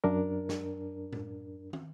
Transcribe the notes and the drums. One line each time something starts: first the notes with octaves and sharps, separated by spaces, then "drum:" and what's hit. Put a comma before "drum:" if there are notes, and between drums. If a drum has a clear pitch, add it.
F#2 D4 A#4
drum: snare
drum: tom A2
drum: tom